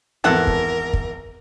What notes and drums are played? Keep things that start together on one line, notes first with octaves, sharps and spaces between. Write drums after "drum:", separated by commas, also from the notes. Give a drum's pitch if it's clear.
G#1 E2 A4 A#4 F#5 A5
drum: kick
drum: kick